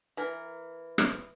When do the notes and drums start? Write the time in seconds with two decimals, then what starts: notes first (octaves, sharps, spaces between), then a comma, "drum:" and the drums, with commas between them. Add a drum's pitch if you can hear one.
0.17 E3 A#4
0.98 drum: rim click